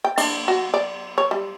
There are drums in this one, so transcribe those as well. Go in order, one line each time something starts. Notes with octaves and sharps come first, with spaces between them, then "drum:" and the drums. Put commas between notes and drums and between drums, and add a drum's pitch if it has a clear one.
G5
D4, drum: cymbal
F#4
D5
C#5
G3